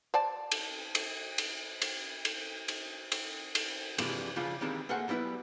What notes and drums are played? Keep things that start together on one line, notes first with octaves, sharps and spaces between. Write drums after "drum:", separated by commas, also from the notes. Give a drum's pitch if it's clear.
C5 D5 A5
drum: cymbal
drum: cymbal
drum: cymbal
drum: cymbal
drum: cymbal
drum: cymbal
drum: cymbal
drum: cymbal
G2 C3 E3 F3 G#3 D4, drum: cymbal
C#3 F3 G3 D4 F4
D#3 E3 G3 G#3 C4 D4
A3 A#3 F#4 G#4 C5 F#5
F#3 G3 B3 E4 B4